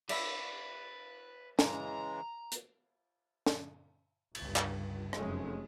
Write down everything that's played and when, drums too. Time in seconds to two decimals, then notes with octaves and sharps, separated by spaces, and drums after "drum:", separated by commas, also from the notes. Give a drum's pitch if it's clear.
0.09 B4 D5 E5 B5, drum: cymbal
1.59 C#3 E3 G#3 A#5, drum: snare
2.52 drum: hi-hat
3.46 drum: snare
4.35 G1 C#2 G2, drum: cymbal
4.56 drum: clap
5.13 F1 F#2 F#3 G#3 A3 C#4, drum: rim click